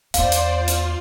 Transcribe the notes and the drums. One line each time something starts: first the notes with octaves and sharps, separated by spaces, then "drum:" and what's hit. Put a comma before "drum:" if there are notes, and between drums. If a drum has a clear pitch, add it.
E2 B3 C5 D5 F5 C6, drum: hi-hat
drum: hi-hat
F4
drum: hi-hat